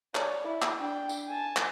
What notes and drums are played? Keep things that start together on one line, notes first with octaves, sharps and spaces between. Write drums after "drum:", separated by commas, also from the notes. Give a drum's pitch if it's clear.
C#5 D5, drum: clap
E4
drum: clap
D4 G5
drum: tambourine
G#5 A5
drum: clap